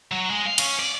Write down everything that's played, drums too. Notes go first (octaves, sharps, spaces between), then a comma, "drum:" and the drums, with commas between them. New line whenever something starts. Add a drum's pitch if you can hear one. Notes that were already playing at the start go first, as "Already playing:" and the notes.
F#3
G#3
F5
C#4, drum: cymbal
D5